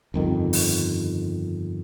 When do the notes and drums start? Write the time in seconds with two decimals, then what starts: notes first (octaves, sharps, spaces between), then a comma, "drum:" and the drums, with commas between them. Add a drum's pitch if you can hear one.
0.14 G1 F2 D#3
0.53 drum: open hi-hat